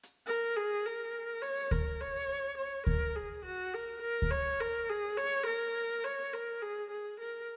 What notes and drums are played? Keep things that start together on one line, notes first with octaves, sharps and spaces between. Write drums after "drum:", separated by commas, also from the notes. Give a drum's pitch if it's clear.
drum: hi-hat
A#4
G#4
A#4
C#5
A#4, drum: kick D2
C#5
C#5
A#4, drum: kick D2
G#4
F#4
A#4
A#4
drum: kick D2
C#5
A#4
G#4
C#5
A#4
C#5
A#4
G#4
G#4
A#4